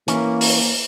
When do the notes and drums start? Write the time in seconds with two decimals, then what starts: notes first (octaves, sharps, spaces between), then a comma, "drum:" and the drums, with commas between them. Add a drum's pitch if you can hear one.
0.08 E3 A#3 C#4, drum: hi-hat
0.41 drum: open hi-hat